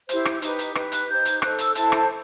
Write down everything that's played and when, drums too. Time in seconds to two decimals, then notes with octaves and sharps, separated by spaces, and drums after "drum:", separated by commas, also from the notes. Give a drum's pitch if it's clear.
0.09 E4 G4 C5, drum: hi-hat
0.25 drum: rim click
0.42 D#4 G4 B4, drum: hi-hat
0.59 drum: hi-hat
0.75 D#4 G4 B4, drum: rim click
0.92 F#6, drum: hi-hat
1.08 D#4 G4 C5 G6
1.25 drum: hi-hat
1.42 D#4 A4 C5 F#6, drum: rim click
1.58 E6, drum: hi-hat
1.75 E4 A4 C5 A5, drum: hi-hat
1.92 drum: rim click